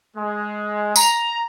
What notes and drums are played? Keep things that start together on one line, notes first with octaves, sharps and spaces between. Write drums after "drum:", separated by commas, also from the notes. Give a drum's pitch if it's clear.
G#3
A#5, drum: tambourine